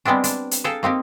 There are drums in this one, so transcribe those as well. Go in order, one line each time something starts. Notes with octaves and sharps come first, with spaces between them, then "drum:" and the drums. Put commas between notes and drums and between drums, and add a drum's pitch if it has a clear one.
G3 G#3 B3 C4 D4
D4, drum: hi-hat
drum: hi-hat
G#4 A4 F5 G5 A5 A#5
A#3 C4 D#4 G4